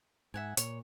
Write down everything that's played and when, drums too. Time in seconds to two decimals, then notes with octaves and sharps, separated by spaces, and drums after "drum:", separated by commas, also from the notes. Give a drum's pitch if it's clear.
0.34 G#2 E5 F#5 G#5
0.57 A#2 C#5, drum: hi-hat